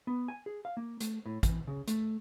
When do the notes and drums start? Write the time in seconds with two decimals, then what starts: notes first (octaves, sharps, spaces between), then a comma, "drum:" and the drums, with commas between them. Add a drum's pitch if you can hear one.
0.07 B3
0.28 G#5
0.46 G#4
0.65 F5
0.77 A#3
1.01 A3, drum: hi-hat
1.26 A2
1.43 E3, drum: kick, hi-hat
1.67 C#3
1.88 A3, drum: hi-hat